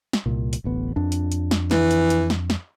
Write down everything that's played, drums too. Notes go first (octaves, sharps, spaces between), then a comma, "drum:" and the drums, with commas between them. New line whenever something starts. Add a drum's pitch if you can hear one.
drum: snare
C2 A#2
drum: hi-hat
D1 A1 B3
F2 D4
drum: hi-hat
drum: hi-hat
drum: snare
E3, drum: snare
drum: hi-hat
drum: hi-hat
drum: snare
drum: snare